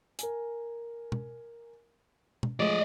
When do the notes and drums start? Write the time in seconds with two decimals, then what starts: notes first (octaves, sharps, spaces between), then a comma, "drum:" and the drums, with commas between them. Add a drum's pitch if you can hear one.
0.19 A#4 G#5, drum: hi-hat
1.12 drum: tom
2.43 drum: tom
2.60 F3 G#3 A3 D5 D#5